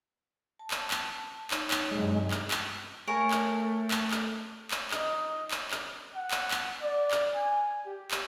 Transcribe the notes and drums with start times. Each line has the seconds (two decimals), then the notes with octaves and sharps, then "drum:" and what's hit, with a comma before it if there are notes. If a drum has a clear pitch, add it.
0.59 A5
0.71 drum: clap
0.91 drum: clap
1.51 D#4 C#5, drum: clap
1.71 drum: clap
1.91 G2 C3 F#3 G#3
2.31 drum: clap
2.51 drum: clap
3.07 A3 A#4 C#5 G#5
3.31 drum: clap
3.91 drum: clap
4.11 drum: clap
4.71 drum: clap
4.91 D#4 D#5, drum: clap
5.51 drum: clap
5.71 drum: clap
6.15 F#5
6.31 drum: clap
6.51 drum: clap
6.81 D5
7.11 drum: clap
7.34 G#5
7.86 G4
8.11 drum: clap